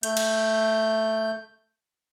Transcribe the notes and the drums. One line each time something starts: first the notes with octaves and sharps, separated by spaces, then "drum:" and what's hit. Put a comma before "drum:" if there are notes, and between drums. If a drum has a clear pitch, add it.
A3 G6, drum: hi-hat
drum: cymbal